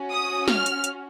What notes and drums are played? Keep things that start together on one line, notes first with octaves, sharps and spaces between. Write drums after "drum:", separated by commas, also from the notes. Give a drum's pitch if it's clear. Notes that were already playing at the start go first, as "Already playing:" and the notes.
Already playing: C#4 F#4
D#6
F6, drum: snare
drum: hi-hat
drum: hi-hat